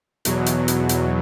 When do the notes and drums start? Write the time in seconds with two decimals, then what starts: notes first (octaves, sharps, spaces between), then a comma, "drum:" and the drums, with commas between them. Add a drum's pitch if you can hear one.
0.25 E2 B2 F#3, drum: hi-hat
0.46 drum: hi-hat
0.68 drum: hi-hat
0.89 drum: hi-hat